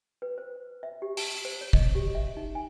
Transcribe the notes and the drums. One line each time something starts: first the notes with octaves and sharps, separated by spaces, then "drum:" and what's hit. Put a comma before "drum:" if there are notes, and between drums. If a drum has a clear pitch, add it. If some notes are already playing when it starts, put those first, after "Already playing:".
B4
C5
E5
G4
A5, drum: open hi-hat
C5
C#5
D#5, drum: kick
G4
E5
D#4
G#5